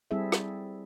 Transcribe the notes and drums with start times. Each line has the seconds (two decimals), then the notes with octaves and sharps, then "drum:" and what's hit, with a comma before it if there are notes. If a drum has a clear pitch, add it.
0.11 G3 C4 E4 G#4 A4 E5
0.32 drum: rim click